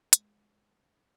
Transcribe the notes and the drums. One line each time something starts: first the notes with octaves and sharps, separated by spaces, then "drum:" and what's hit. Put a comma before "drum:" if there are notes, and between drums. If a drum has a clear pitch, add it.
G#3, drum: hi-hat